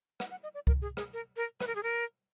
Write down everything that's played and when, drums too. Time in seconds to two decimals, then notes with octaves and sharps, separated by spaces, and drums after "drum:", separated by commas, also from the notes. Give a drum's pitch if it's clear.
0.20 F#5, drum: rim click
0.31 F#5
0.43 D#5
0.54 D5
0.67 A#4, drum: kick C#2
0.82 G#4
0.97 G#4, drum: rim click
1.13 A#4
1.37 A#4
1.60 B4, drum: rim click
1.67 A#4
1.76 G#4
1.83 A#4